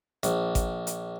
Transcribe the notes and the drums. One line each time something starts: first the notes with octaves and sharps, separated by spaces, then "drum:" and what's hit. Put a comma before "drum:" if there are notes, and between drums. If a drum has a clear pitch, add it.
A#1, drum: hi-hat
drum: kick G#1, hi-hat
drum: hi-hat